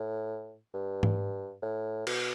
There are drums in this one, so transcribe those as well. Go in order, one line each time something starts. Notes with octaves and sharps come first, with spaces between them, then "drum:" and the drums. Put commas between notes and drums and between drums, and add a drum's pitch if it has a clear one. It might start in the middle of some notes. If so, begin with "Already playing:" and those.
Already playing: A2
G2
drum: tom G#2
A2
B2, drum: cymbal